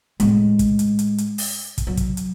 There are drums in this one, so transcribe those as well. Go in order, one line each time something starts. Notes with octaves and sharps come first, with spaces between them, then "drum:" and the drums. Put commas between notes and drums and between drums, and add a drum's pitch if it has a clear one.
A2 G#3, drum: hi-hat
drum: kick, hi-hat
drum: hi-hat
drum: hi-hat
drum: hi-hat
drum: open hi-hat
drum: kick, hi-hat
F#3
drum: kick, hi-hat
drum: hi-hat